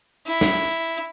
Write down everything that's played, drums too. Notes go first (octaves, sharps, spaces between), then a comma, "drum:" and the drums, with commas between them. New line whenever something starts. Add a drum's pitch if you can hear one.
E4
drum: snare